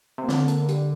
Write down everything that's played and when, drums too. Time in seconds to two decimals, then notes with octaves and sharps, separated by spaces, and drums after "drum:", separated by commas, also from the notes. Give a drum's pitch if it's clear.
0.18 C3
0.24 A#3
0.29 D3 C4, drum: snare
0.48 A#3, drum: hi-hat
0.62 A#3
0.68 G3, drum: hi-hat